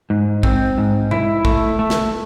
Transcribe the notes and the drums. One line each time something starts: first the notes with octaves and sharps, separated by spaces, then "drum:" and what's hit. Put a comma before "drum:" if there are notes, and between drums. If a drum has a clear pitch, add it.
G#2
C4, drum: kick A#1
G#2
E4, drum: tom B2
A3, drum: kick A#1
A3
drum: snare